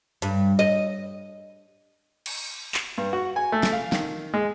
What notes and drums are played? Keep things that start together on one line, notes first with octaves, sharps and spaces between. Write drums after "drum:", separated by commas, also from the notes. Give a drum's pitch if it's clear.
G2, drum: hi-hat
D#5
drum: cymbal
drum: clap
G2
F#4
G#5
A3
drum: snare
F5
D#3, drum: snare
G#3